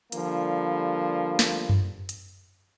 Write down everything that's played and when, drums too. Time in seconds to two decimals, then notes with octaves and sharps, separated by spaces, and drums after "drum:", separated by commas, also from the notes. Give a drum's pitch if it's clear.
0.12 D3 F3 G3 A#3, drum: hi-hat
1.39 drum: snare
1.69 drum: tom F#2
2.09 drum: hi-hat